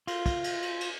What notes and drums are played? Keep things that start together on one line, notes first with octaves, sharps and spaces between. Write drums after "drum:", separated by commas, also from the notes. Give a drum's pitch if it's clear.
F4, drum: cymbal
drum: kick, cymbal
drum: cymbal
drum: cymbal
drum: cymbal